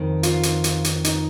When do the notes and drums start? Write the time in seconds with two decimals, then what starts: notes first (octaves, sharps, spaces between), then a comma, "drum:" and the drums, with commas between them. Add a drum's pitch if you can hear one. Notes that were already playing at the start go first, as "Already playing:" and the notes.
Already playing: F2 D#3
0.23 F4, drum: hi-hat
0.43 drum: hi-hat
0.64 drum: hi-hat
0.84 drum: hi-hat
1.04 D#4, drum: hi-hat